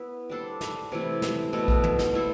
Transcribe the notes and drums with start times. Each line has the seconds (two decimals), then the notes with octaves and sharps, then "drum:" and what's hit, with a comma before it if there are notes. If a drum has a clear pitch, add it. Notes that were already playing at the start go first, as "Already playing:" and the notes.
Already playing: B3 E4 B4
0.30 G3 D4 A4 C5
0.61 drum: snare
0.92 C3 E3 A3 E4
1.22 drum: snare
1.53 B2 A3 E4 A4
1.68 drum: kick A#1
1.83 drum: tom
1.99 drum: snare
2.14 A3 E4 A4 C5